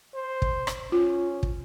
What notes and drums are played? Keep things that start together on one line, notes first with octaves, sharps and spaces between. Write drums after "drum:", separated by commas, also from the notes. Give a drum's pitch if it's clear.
C5
drum: kick
drum: rim click
C#4 F4
drum: kick